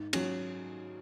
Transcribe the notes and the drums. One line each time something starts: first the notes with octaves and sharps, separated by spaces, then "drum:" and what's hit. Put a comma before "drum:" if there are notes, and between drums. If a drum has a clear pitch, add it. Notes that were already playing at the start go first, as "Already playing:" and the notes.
Already playing: G#2
F#3 C#4, drum: cymbal